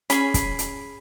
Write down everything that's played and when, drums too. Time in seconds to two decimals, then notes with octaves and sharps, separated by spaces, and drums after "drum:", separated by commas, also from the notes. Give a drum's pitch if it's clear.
0.10 C#4 G#4 B5, drum: hi-hat
0.34 drum: kick, hi-hat
0.59 drum: hi-hat